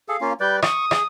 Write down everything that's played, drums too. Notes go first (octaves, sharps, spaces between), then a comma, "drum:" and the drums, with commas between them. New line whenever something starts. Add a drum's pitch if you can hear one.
G#4 A4 F5
A#3 C#4 F4
G3 B4 D5 G6
C#6 D#6, drum: rim click
G#4, drum: rim click